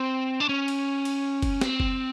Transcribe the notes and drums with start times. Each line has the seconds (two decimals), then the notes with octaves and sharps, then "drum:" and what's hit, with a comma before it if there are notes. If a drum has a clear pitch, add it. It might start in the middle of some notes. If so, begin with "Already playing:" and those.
Already playing: C4
0.40 D4
0.49 C#4
0.68 drum: cymbal
1.05 drum: cymbal
1.42 drum: kick F#1, cymbal
1.61 C4, drum: snare
1.80 drum: kick F#1